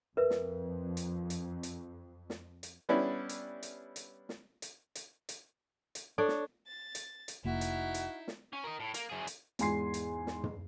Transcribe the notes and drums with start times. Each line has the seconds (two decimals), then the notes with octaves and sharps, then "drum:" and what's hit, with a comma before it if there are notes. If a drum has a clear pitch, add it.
0.17 F2 A#4 B4 E5
0.30 drum: snare
0.97 drum: hi-hat
1.30 drum: hi-hat
1.63 drum: hi-hat
2.30 drum: snare
2.63 drum: hi-hat
2.89 G3 B3 C#4 D4 E4
3.29 drum: hi-hat
3.63 drum: hi-hat
3.96 drum: hi-hat
4.29 drum: snare
4.62 drum: hi-hat
4.95 drum: hi-hat
5.29 drum: hi-hat
5.95 drum: hi-hat
6.18 D4 A4 C#5
6.28 drum: snare
6.68 A6
6.95 drum: hi-hat
7.28 drum: hi-hat
7.45 F1 A#3 D#4 E4 F#4
7.61 drum: hi-hat
7.94 drum: hi-hat
8.28 drum: snare
8.53 C#4
8.64 A#4 D#5
8.80 A2
8.94 A#3, drum: hi-hat
9.10 F#2 G#4
9.27 drum: hi-hat
9.59 E2 G#2 G#5 C6 C7, drum: hi-hat
9.94 drum: hi-hat
10.27 drum: snare
10.44 drum: tom